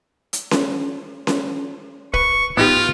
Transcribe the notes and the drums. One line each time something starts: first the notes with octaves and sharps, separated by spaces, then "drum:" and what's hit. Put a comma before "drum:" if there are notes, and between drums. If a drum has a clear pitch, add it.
drum: hi-hat
drum: snare C#4
drum: snare C#4
B4 C#6, drum: kick
B3 D#4 F4 G4